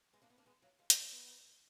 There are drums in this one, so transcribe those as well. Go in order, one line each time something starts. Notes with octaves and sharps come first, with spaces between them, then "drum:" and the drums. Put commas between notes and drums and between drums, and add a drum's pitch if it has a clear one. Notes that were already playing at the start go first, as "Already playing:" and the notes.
G#3 B3
A#3 D4
B3 D#4
A#3 D4
G#3 B3
F#3 A#3
F3 G#3
G#3 B3, drum: hi-hat
A#3 D4
B3 D#4